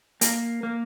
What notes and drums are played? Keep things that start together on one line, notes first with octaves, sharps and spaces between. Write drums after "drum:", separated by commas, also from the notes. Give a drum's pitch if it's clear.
A#3, drum: hi-hat
A#3